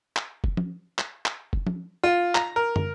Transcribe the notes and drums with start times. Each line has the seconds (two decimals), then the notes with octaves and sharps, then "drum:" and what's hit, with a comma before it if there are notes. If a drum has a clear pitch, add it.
0.16 drum: clap
0.44 drum: kick
0.57 drum: tom F3
0.98 drum: clap
1.26 drum: clap
1.53 drum: kick
1.67 drum: tom F3
2.03 F4
2.35 A#5, drum: clap
2.56 A#4
2.76 drum: tom